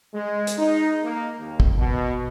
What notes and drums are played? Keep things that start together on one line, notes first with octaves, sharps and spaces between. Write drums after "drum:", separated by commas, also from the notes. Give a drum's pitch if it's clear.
G#3
drum: hi-hat
D#4
A#3
D#2
drum: kick
B2